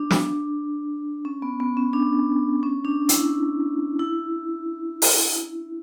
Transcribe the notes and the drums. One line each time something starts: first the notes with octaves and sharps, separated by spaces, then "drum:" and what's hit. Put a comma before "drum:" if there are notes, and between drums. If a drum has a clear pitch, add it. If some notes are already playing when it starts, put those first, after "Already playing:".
Already playing: D4
drum: snare
C#4
B3
B3
C#4
D4
C#4
D4
E4, drum: hi-hat
E4
drum: open hi-hat